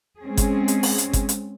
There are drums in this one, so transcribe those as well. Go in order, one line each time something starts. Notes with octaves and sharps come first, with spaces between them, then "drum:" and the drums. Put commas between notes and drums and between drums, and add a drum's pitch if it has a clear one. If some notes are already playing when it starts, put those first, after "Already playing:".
G#3 C4 C#4 G#4
drum: kick G1, hi-hat
drum: hi-hat
drum: open hi-hat
drum: hi-hat
drum: kick G1, hi-hat
drum: hi-hat